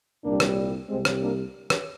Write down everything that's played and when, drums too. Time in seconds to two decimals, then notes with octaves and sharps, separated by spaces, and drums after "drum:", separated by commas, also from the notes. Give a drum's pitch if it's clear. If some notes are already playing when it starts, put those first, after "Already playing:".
0.24 C2 A#2 G3 A#3 D4
0.40 drum: rim click
0.88 C2 C3 G3 G#3 C4
1.05 drum: rim click
1.22 A#3 D4
1.70 drum: rim click